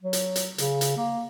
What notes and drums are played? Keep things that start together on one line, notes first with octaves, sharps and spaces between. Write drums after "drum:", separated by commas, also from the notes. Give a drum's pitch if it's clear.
F#3
drum: hi-hat
drum: hi-hat
C#3, drum: hi-hat
drum: hi-hat
A#3